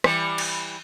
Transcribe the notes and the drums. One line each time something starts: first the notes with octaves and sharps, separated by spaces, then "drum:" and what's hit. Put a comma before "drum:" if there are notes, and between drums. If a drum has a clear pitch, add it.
E3 G3, drum: rim click
drum: cymbal